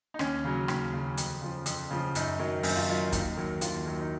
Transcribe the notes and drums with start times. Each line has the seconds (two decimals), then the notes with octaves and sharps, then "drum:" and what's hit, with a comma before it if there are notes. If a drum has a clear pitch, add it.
0.14 D#4
0.19 D#2 C#4, drum: rim click
0.44 C#3 F#3
0.68 D#2, drum: rim click
0.93 C#3 F#3
1.18 F2, drum: hi-hat
1.42 C#3 F3
1.66 F2, drum: hi-hat
1.91 C#3 F3
2.15 F#2 D#4, drum: hi-hat
2.39 D#3 F#3
2.63 F#2 D#4, drum: open hi-hat
2.75 F4
2.89 D#3 F#3 F4
3.12 D#2 D#4, drum: kick, hi-hat
3.37 D#3 F#3
3.61 D#2 F4, drum: hi-hat
3.86 D#3 F#3
4.00 D#4